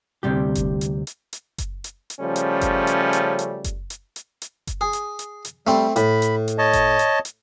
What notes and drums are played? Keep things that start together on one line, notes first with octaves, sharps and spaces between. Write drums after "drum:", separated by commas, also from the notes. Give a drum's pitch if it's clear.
D2 G#2 C3 G3 G4
drum: kick F#1, hi-hat
drum: hi-hat
drum: hi-hat
drum: hi-hat
drum: kick F#1, hi-hat
drum: hi-hat
drum: hi-hat
C#3 F3 G3 A3 C#4
drum: hi-hat
drum: kick F#1, hi-hat
drum: hi-hat
drum: hi-hat
drum: hi-hat
drum: kick F#1, hi-hat
drum: hi-hat
drum: hi-hat
drum: hi-hat
drum: kick F#1, hi-hat
G#4
drum: hi-hat
drum: hi-hat
drum: hi-hat
G3 A3 C4
A2 B5, drum: hi-hat
drum: hi-hat
drum: hi-hat
C#5 D#5 A5
drum: kick F#1, hi-hat
drum: hi-hat
drum: hi-hat